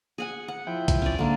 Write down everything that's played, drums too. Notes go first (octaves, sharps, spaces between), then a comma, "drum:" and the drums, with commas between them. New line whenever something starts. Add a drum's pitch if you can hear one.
G#4 F#5 G#5
F#5
F3 E4 G5
drum: kick A#1, hi-hat
C#4 D5
G#2 D3 A#3